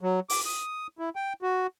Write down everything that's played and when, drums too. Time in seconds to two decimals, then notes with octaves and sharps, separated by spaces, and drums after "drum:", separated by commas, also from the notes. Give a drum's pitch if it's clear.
0.01 F#3
0.30 D6, drum: open hi-hat
0.46 D#6
0.99 E4
1.16 G5
1.42 F#4